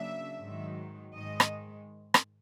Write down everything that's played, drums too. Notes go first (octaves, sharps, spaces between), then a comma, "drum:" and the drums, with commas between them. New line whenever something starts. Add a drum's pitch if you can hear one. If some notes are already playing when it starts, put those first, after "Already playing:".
Already playing: C#3 F#3 A#3 D4 E5
G#2 D#3 F#3
G#2 D#3 G#3 D#5
drum: rim click
drum: rim click